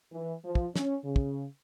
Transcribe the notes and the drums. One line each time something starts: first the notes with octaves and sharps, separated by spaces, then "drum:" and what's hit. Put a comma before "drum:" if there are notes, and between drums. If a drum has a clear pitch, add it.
E3
F3
drum: kick
C#4, drum: snare
C#3
drum: kick